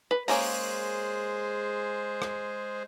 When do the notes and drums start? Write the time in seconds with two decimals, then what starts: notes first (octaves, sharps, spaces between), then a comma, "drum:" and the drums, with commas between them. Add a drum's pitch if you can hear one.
0.11 B4
0.28 G#3 A#3 C#4 G#4 C5 A#5, drum: open hi-hat
2.22 drum: rim click